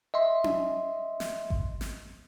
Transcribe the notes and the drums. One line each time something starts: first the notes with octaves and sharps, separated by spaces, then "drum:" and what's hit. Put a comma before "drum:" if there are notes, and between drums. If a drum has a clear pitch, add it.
D#5 E5 C6
drum: tom C#4
drum: snare
drum: kick G#1
drum: snare